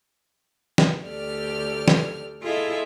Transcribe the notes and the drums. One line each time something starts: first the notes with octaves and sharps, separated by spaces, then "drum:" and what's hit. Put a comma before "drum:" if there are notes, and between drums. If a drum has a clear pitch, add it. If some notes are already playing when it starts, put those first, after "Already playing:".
drum: snare
D2 G4 A4 D5 F6
drum: snare
E4 F4 G#4 A4 D#5 E5